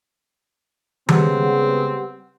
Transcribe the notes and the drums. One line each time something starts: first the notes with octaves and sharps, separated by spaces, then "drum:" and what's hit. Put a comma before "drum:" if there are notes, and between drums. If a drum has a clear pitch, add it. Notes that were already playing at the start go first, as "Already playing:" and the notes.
C#3 G3 G#3 B3 C4 G4 F#5, drum: tom D#3